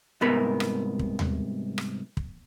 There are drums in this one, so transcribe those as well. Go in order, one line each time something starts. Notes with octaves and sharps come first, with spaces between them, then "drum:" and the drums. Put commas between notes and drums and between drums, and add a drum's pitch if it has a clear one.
C2 G#2 B3 A#4 B5
drum: rim click
drum: kick
drum: tom D#2
drum: rim click
drum: kick